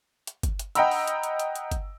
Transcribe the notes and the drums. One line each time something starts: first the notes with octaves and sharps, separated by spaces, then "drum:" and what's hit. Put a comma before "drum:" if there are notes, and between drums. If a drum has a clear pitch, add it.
drum: hi-hat
drum: kick G1, hi-hat
drum: hi-hat
D#5 F#5 G5 A#5 B5 E6, drum: hi-hat
drum: open hi-hat
drum: hi-hat
drum: hi-hat
drum: hi-hat
drum: hi-hat
drum: kick G1, hi-hat